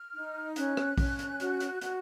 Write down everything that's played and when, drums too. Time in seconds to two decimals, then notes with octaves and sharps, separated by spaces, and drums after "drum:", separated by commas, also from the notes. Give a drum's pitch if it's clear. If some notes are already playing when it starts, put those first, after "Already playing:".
Already playing: F6
0.15 D#4
0.56 C#4 F#6, drum: hi-hat
0.77 drum: rim click
0.98 C#4, drum: kick A#1, open hi-hat
1.19 drum: hi-hat
1.40 F#4, drum: hi-hat
1.60 drum: hi-hat
1.81 F#4, drum: hi-hat